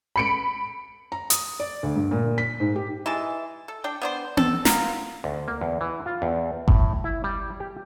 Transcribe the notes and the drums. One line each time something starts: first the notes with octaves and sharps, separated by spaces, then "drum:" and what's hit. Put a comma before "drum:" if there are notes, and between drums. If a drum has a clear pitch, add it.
B5 C#7 D7
A#5
D#6, drum: hi-hat
D5
D2
G2
A#2
B6
G#2
G4
E3 G#3 A5
A4
D4 G5
B3 D4 C5
A4, drum: tom B3
B3 F4 A#4, drum: snare
D2
A#3
E2
E3
F4
E2
A2, drum: kick G1
E4
G3
G4